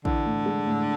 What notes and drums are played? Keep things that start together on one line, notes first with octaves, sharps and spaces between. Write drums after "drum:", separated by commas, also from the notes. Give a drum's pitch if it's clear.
D3 E3, drum: kick A#1
A2
G#3
A2